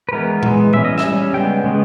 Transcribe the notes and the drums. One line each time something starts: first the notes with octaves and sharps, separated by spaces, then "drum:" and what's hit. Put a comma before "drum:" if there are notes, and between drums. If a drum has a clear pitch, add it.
B4
E3 G#3 B3 A#4
E3 G#3 B3, drum: tom A#2
G3 C#4 E5, drum: tom A#2
D#5
E5, drum: snare
G3 C#4
C#3 G#3 B3 G5
C#3 G#3 B3